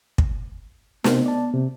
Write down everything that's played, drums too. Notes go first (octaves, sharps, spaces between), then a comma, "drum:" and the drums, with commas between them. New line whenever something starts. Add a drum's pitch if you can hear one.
drum: kick
C3 B3 C5, drum: snare
D5 A5
C3